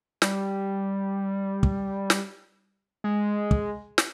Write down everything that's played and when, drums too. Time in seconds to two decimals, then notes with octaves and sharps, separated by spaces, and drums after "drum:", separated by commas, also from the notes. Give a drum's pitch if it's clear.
0.22 G3, drum: snare
1.63 drum: kick
2.10 drum: snare
3.04 G#3
3.51 drum: kick
3.98 drum: snare